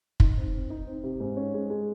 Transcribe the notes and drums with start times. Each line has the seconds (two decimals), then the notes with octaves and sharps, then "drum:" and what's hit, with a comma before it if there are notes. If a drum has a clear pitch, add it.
0.20 D#4, drum: kick
0.37 C4
0.54 C4
0.70 D#4
0.87 C4
1.03 C3
1.20 G#2
1.37 C#4
1.54 G#3
1.70 G#3